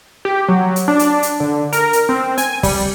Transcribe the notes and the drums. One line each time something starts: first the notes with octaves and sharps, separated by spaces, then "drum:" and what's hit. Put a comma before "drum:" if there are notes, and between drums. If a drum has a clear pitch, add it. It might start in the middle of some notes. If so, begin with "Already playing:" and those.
G4
F#3
drum: hi-hat
D4
drum: hi-hat
drum: hi-hat
D3
A#4, drum: hi-hat
drum: hi-hat
C4
G#5, drum: hi-hat
G3, drum: kick, open hi-hat